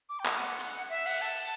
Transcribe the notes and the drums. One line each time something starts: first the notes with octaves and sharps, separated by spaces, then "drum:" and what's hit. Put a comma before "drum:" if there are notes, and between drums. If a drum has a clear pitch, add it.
D6
G5
F#5, drum: clap
drum: hi-hat
E5
F#5, drum: open hi-hat
A5